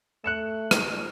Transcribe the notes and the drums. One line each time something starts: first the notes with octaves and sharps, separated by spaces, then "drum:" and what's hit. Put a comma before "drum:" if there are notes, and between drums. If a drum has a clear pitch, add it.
A3 F#6 C#7 E7
drum: rim click